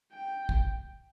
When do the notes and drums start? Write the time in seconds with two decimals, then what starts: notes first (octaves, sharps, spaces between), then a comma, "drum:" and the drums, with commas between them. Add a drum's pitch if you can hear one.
0.13 G5
0.49 drum: kick